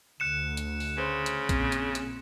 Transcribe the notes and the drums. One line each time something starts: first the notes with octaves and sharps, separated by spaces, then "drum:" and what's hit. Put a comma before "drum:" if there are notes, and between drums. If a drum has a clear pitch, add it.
D2 F#6 C#7 E7
drum: hi-hat
drum: open hi-hat
C#3 B4 C5
drum: hi-hat
A#1 C4, drum: kick, hi-hat
drum: hi-hat
drum: hi-hat